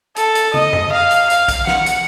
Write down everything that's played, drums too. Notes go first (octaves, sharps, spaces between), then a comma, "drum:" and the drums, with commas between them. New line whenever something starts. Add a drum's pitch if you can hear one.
A4, drum: hi-hat
drum: hi-hat
D#5, drum: tom
drum: tom F2
F5
drum: hi-hat
F5, drum: hi-hat
drum: kick A#1, hi-hat
F#5, drum: snare
drum: hi-hat